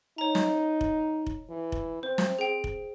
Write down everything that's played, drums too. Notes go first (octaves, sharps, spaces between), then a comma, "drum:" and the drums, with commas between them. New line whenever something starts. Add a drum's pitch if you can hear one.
D#4 C#5 A#5
drum: snare
drum: kick F1
drum: kick F1
E3
drum: kick F1
C4 C5
drum: snare
G#4 G5
drum: kick F1